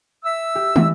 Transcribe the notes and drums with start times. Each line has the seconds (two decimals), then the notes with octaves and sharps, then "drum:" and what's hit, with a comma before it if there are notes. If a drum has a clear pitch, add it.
0.25 E5 E6
0.55 G4
0.76 E3, drum: tom